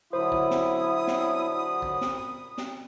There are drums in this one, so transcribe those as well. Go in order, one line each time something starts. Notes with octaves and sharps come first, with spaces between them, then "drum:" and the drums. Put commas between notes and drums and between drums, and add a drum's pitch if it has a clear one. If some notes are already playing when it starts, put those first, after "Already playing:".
A#2 D3 F#3 E4 C5 B5 D#6
drum: kick
drum: snare
drum: snare
drum: kick
drum: snare
drum: snare